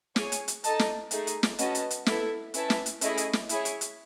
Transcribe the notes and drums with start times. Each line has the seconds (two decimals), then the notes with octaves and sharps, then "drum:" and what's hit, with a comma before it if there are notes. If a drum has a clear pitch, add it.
0.16 G#4 C#5 G#5, drum: snare
0.32 drum: hi-hat
0.48 drum: hi-hat
0.64 D#4 A4 D#5 A5, drum: hi-hat
0.79 drum: snare
1.11 A3 D#4 G#4, drum: hi-hat
1.27 drum: hi-hat
1.43 drum: snare
1.59 C#4 F#4 B4 D#5 A5, drum: hi-hat
1.75 drum: hi-hat
1.91 drum: hi-hat
2.06 B3 E4 A4 E5, drum: snare
2.54 C#4 E4 B4 E5 A5, drum: hi-hat
2.70 drum: snare
2.86 drum: hi-hat
3.01 A3 C#4 E4 G#4 D#5, drum: hi-hat
3.17 drum: hi-hat
3.33 drum: snare
3.49 E4 G#4 C#5, drum: hi-hat
3.65 drum: hi-hat
3.81 drum: hi-hat